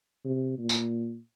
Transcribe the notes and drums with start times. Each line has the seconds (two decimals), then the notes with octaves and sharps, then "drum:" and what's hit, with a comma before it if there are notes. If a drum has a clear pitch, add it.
0.25 C3
0.58 A#2
0.69 drum: tambourine